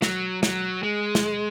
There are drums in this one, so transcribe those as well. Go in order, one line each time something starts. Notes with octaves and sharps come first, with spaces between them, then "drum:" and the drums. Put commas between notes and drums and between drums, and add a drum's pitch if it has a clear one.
F#3, drum: snare
F#3, drum: snare
G#3
drum: snare